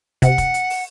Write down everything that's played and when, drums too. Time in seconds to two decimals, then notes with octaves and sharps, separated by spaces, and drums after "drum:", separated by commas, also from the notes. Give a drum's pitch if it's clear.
0.22 C3 F#5, drum: kick, hi-hat
0.38 drum: kick, hi-hat
0.54 drum: hi-hat
0.70 drum: open hi-hat